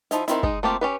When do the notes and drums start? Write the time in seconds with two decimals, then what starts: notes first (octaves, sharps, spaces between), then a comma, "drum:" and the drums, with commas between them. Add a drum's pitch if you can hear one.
0.11 F3 D#4 E4, drum: hi-hat
0.28 D#3 C4 E4, drum: hi-hat
0.43 G#3 D#4, drum: kick
0.63 A3 A#3 C4 F4 G4
0.81 C#4 G4 B4